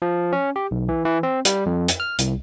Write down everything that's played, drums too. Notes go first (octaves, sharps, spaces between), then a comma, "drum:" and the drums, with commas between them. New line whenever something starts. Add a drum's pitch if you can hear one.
F3
C#4
G4
B1
E3
E3
C4
G3, drum: hi-hat
F2
drum: hi-hat
F6
C2, drum: hi-hat